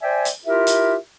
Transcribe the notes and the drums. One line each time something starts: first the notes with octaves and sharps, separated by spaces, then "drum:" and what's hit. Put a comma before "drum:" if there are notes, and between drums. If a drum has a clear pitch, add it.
C5 D5 E5 G5 G#5
drum: hi-hat
E4 F4 G4 A#4 E5
drum: hi-hat